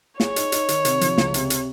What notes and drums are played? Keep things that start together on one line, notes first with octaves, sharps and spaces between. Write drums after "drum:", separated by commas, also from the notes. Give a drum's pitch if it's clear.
G#4 C#5, drum: snare
D#4, drum: hi-hat
D#4, drum: hi-hat
D#3, drum: hi-hat
C3, drum: hi-hat
F3, drum: hi-hat
C#2, drum: snare
C3, drum: hi-hat
drum: hi-hat